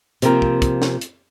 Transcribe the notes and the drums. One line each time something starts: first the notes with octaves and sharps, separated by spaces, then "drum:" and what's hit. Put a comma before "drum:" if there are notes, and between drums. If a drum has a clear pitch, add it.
C3 F3 A#3 C4 A#4, drum: hi-hat
drum: kick
drum: kick, hi-hat
drum: snare
drum: hi-hat